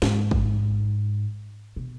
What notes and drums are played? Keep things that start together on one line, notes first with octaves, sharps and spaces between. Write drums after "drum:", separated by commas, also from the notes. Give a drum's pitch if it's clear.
G#2, drum: snare
drum: kick
B2